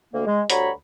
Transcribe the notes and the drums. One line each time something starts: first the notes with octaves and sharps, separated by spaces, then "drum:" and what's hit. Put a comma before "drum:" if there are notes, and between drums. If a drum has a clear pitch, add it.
D2 A#3
G#3
D2 G3 F#4 C#5 A#5 B5, drum: hi-hat